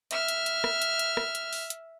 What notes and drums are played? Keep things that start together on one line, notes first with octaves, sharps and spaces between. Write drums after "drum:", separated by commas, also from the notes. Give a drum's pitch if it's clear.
E5 F6, drum: hi-hat
drum: hi-hat
drum: hi-hat
drum: rim click
drum: hi-hat
drum: hi-hat
drum: rim click
drum: hi-hat
drum: open hi-hat
drum: hi-hat